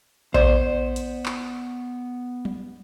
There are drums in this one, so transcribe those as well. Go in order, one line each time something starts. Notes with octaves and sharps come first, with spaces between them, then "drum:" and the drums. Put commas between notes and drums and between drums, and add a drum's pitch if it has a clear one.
B3 C5 D5, drum: kick A#1
drum: hi-hat
drum: clap
drum: tom F#3